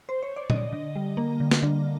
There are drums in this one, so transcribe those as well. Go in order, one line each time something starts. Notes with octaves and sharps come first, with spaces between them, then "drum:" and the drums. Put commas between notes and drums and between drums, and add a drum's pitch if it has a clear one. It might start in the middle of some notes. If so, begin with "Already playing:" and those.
C5
C#5
D5
D3 D#5, drum: tom A#2
D3
G3
A#3
D3
drum: snare
D3